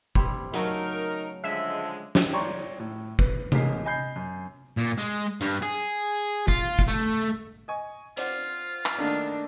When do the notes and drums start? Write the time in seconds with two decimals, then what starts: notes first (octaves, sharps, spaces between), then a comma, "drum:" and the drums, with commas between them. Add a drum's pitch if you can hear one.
0.15 G3 C4 E4, drum: kick
0.54 C#3 F#3 A3 D#4 A#4, drum: hi-hat
1.44 D3 F3 G#3 E5
2.15 drum: snare
2.33 C#5 D5 G5 A#5 C6 C#6
2.80 A2
3.19 B4, drum: kick
3.52 A1 G#2 G#3 A#4 B6 C7, drum: tom C3
3.86 D#5 G#5 B5 G6 C7
4.16 F#2
4.77 A#2
4.98 G#3
5.41 G2, drum: hi-hat
5.62 G#4
6.48 F4, drum: kick
6.79 drum: kick
6.88 A3
7.68 D#5 G#5 C#6
8.17 C4 F4 D5 F#5, drum: hi-hat
8.86 drum: clap
8.98 D#3 A3 A#3 D4